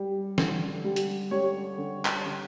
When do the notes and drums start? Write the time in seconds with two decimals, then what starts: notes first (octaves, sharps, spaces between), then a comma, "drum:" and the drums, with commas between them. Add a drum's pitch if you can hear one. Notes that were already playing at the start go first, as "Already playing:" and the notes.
Already playing: G3
0.38 D3, drum: snare
0.84 G3
0.96 drum: hi-hat
1.31 G3 C#5
1.78 D3
2.05 drum: clap
2.25 D3